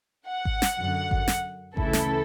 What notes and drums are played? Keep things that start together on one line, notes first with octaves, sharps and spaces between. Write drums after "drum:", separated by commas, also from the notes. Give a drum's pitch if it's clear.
F#5
drum: kick G#1
drum: snare
F#2 D3 F#3
drum: kick G#1
drum: snare
D2 C#3 E3 A3 E4 A4, drum: kick G#1
drum: snare